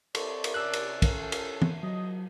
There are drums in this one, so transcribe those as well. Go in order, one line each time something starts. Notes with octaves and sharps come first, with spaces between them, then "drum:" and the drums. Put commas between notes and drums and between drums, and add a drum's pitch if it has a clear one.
C4 A4 C#5 D5, drum: cymbal
drum: cymbal
C3 C#4 D5 E6 F#6
drum: cymbal
C#4 A4, drum: kick, cymbal
drum: cymbal
drum: tom E3
F#3 D#5